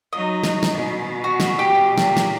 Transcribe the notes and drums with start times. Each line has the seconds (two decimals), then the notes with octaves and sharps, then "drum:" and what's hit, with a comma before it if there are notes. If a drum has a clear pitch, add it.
0.13 F#3 D#4 D#5
0.44 drum: snare
0.63 drum: snare
0.73 B2
1.24 F#4
1.40 drum: snare
1.59 G4
1.98 A#2, drum: snare
2.17 drum: snare